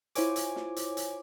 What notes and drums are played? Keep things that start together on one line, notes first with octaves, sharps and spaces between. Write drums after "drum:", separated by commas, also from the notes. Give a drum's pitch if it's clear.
E4 F4 C5 C#5 G#5 D6, drum: hi-hat
drum: hi-hat
drum: snare
drum: hi-hat
drum: hi-hat